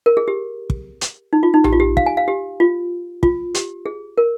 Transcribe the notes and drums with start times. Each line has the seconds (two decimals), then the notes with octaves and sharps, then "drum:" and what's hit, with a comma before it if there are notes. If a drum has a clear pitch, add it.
0.06 A#4
0.17 G#4
0.28 G4
0.70 drum: kick
1.01 drum: hi-hat
1.33 D#4
1.43 F4
1.54 D#4
1.64 G4, drum: tom A#1
1.73 F4
1.80 G4
1.97 F5, drum: kick
2.06 G#5
2.17 F5
2.28 G4
2.60 F4
3.23 F4, drum: kick
3.55 G4, drum: hi-hat
3.86 G#4
4.18 A#4